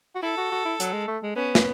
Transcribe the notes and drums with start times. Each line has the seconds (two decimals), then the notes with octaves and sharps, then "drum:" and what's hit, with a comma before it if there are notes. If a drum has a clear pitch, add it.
0.15 F#4
0.22 E4 A4
0.37 F#4
0.52 F#4
0.65 E4
0.80 F#3, drum: hi-hat
0.93 G#3
1.08 A3
1.23 G#3
1.36 B3 C#4
1.55 drum: snare